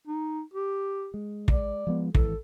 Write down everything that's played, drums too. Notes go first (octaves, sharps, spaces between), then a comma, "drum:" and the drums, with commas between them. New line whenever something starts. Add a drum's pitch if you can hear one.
D#4
G4
G#3
D5, drum: kick
F3 G#3 B3
G#1 E3 A4, drum: kick